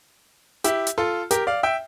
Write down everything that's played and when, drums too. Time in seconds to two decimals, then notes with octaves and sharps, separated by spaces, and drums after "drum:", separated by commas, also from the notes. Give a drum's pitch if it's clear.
0.64 E4 G4, drum: hi-hat
0.87 drum: hi-hat
0.98 F4 A4
1.31 G4 A#4, drum: hi-hat
1.47 D5 F5
1.63 E5 G5